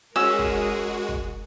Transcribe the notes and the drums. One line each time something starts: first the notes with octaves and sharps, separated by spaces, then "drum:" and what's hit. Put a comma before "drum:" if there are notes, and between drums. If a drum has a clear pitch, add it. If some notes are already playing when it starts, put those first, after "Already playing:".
G#3 C#4 F#4 G#4 A#4 E6
drum: kick
drum: kick